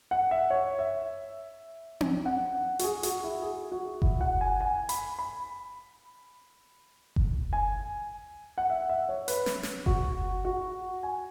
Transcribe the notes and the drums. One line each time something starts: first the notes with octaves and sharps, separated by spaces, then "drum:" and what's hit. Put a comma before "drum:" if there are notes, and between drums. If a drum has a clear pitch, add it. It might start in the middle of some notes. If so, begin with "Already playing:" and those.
F#5
E5
C#5
E5
drum: tom C4
F#5
F#4, drum: hi-hat
G#4
F#4, drum: hi-hat
E4
G#4
F#4
E4, drum: kick F#1
F#5
G#5
G#5
B5, drum: hi-hat
B5
drum: kick F#1
G#5
F#5
E5
E5
C#5
B4, drum: hi-hat
drum: snare
drum: snare
F#4, drum: kick F#1
F#4
G#5